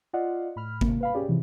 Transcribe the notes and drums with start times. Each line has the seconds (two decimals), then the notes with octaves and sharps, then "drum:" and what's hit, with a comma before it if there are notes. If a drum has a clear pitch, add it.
0.13 F4 D5 D#5 F5 F#5
0.56 A2 B5 F6
0.81 C3 A#3, drum: kick G1
1.01 B4 F5 B5
1.14 C#4 G4 G#4 D5
1.28 C3 E3 F3